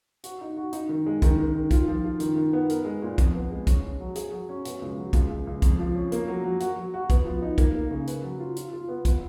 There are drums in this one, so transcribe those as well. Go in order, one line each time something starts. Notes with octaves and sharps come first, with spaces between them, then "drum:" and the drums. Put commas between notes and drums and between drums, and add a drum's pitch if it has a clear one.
F#4, drum: hi-hat
D#4
F#4
D#4, drum: hi-hat
D#3
G#3
D#3, drum: kick, hi-hat
D#3
D#3
F4, drum: kick, hi-hat
F3
F4
D#3, drum: hi-hat
D#3
B3
A#4, drum: hi-hat
G#3
A#2
F2, drum: kick, hi-hat
B3
G#3
C#4, drum: kick, hi-hat
C#4
F#3
G#4, drum: hi-hat
F#3
C#4
B2, drum: hi-hat
C#2
F#3
C#2, drum: kick, hi-hat
C#2
C#2
F2, drum: kick, hi-hat
F3
C#4
A#3, drum: hi-hat
F#3
F#3
F#4, drum: hi-hat
F#3
F#4
B3, drum: kick, hi-hat
F3
D#4
A#3, drum: kick, hi-hat
A#3
C#3
B4, drum: hi-hat
F#3
F4
F4, drum: hi-hat
F4
B3
B3, drum: kick, hi-hat